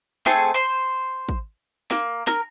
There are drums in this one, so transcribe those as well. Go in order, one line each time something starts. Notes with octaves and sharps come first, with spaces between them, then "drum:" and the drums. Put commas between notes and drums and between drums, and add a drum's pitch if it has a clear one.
A3 C4 G#4 A5, drum: snare
C5 C6
drum: kick
A#3, drum: snare
A#4, drum: snare